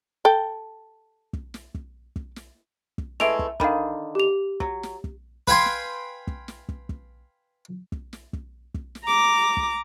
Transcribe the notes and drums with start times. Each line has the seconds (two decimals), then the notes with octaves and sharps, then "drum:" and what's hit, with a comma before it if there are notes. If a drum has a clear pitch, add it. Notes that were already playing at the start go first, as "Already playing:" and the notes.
0.25 A4 G5
1.33 drum: kick
1.54 drum: snare
1.75 drum: kick
2.16 drum: kick
2.36 drum: snare
2.98 drum: kick
3.20 E3 G#3 A3 E5 D7 F7, drum: snare
3.39 drum: kick
3.60 D3 D#3 F5 B5, drum: kick
4.15 G4 F7
4.60 F#3, drum: kick
4.83 drum: snare
5.04 drum: kick
5.47 B4 F5 G5 G#5 C6, drum: kick
5.66 drum: snare
6.27 drum: kick
6.48 drum: snare
6.69 drum: kick
6.89 drum: kick
7.92 drum: kick
8.13 drum: snare
8.33 drum: kick
8.74 drum: kick
8.95 drum: snare
9.05 A#5 D6
9.57 drum: kick